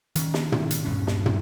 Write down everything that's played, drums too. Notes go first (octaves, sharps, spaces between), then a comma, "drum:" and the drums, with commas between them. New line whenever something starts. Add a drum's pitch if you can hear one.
D#3 C#4, drum: hi-hat
drum: snare
drum: tom
drum: hi-hat
D#1 G2 B2 C#4
drum: snare
drum: tom